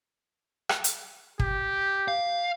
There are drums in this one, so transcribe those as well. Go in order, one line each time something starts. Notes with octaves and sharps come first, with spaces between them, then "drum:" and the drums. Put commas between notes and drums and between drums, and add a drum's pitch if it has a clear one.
drum: rim click
drum: hi-hat
G4, drum: kick
F5